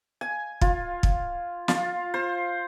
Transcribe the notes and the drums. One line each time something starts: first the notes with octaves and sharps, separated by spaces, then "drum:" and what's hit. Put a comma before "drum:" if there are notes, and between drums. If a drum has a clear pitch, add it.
G#5
F4, drum: kick
drum: kick
F4, drum: snare
C5